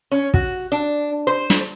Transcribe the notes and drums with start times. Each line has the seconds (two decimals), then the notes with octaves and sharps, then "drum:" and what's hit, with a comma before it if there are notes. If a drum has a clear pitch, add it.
0.11 C#4
0.34 F#4, drum: kick
0.72 D4
1.27 C5
1.50 drum: snare